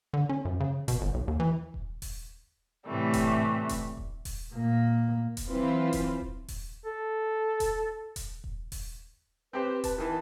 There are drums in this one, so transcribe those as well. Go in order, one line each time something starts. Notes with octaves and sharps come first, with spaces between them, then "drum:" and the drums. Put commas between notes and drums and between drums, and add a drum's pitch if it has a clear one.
D3
C#4
F#2
C#3
B2, drum: kick D#1, hi-hat
G1
B1
D#2
E3
drum: kick D#1
drum: kick D#1, open hi-hat
A2 C3 E3 G3 A3
drum: kick D#1, hi-hat
drum: kick D#1, hi-hat
drum: kick D#1
drum: kick D#1, open hi-hat
A#2 A#3
drum: kick D#1, hi-hat
E3 F#3 C4 F4 B4 C5
drum: kick D#1, hi-hat
drum: kick D#1
drum: kick D#1, open hi-hat
A4
drum: kick D#1, hi-hat
drum: kick D#1, hi-hat
drum: kick D#1
drum: kick D#1, open hi-hat
C4 G4 B4 C5
B4 A5, drum: kick D#1, hi-hat
D#3 E3 A5